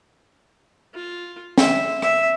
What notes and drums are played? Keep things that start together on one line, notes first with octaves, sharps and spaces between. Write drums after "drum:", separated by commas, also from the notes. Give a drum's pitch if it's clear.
F4
E5, drum: snare
E5, drum: rim click